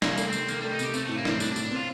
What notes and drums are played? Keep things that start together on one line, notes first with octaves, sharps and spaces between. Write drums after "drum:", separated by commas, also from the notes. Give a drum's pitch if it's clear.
C3 A#3, drum: snare
A3, drum: tambourine
C4
D#3, drum: tambourine
D#3 A#3, drum: tambourine
G3 A3
D#4
C3 G4, drum: tambourine
A3 C4, drum: tambourine
A2 A3
A#3
A2 C4, drum: snare
A2 D4, drum: tambourine
D4
A2, drum: tambourine
D4
C4 F4